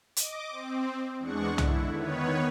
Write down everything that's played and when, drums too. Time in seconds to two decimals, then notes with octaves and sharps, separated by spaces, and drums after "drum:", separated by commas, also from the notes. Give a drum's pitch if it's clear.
0.16 D#5 D6, drum: hi-hat
0.50 C4
1.19 E2 G#3 D4 F#5 C#6
1.58 D3 E4, drum: tom C2
1.92 D#3 B3 B4 C#5